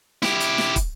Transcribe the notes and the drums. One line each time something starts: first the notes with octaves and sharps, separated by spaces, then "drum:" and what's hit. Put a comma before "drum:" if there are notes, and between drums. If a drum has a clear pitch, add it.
E4 G4, drum: snare
drum: hi-hat
drum: snare
drum: kick, hi-hat